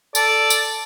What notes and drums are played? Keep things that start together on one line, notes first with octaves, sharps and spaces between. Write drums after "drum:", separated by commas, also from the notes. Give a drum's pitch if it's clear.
A4 D5, drum: tambourine
drum: tambourine